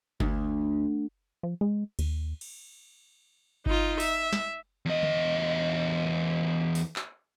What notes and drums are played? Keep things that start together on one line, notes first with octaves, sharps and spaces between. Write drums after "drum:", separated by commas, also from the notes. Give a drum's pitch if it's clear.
D2, drum: kick G1
F3
G#3
D#2, drum: cymbal
drum: cymbal
D#4 F4, drum: kick G1
E5, drum: open hi-hat
drum: snare
E2 D#5
drum: tom D3
drum: open hi-hat
drum: clap